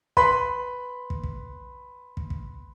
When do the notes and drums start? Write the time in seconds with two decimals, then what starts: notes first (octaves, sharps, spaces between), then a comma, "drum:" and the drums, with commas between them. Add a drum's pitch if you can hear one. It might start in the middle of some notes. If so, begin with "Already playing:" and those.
0.17 B4 B5 C6 B6, drum: kick
1.10 drum: kick
1.23 drum: kick
2.17 drum: kick
2.30 drum: kick